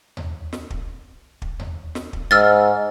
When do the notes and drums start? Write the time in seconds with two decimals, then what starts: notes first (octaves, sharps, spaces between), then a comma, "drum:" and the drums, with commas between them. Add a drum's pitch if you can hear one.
0.17 drum: tom D#2
0.53 drum: snare
0.70 drum: kick
1.42 drum: kick
1.60 drum: tom D#2
1.95 drum: snare
2.13 drum: kick
2.31 G#2 E6 F6 A6